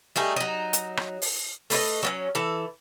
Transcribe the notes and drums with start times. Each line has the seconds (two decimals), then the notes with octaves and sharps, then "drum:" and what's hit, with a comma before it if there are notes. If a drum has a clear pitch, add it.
0.16 G3 A3 D#4 G#4
0.36 F#3 D#4
0.73 drum: hi-hat
0.97 drum: rim click
1.22 drum: open hi-hat
1.70 A3 B4 C#5 D#5, drum: open hi-hat
2.03 F#3 B3 C#4
2.35 E3 A4